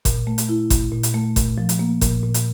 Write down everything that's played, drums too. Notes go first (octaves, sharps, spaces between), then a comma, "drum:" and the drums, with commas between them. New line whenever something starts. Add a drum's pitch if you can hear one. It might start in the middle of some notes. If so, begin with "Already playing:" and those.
A#2, drum: kick G1, hi-hat
A3
drum: hi-hat
E4
A#2, drum: kick G1, hi-hat
A#2
drum: hi-hat
A3
A#2, drum: kick G1, hi-hat
F3
drum: hi-hat
A#3
A#2, drum: kick G1, hi-hat
A#2
drum: hi-hat